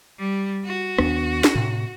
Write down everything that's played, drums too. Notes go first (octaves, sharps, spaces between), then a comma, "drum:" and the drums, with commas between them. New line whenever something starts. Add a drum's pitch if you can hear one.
G3
F#4
D#2 B3 D4, drum: rim click
drum: snare
A2 C3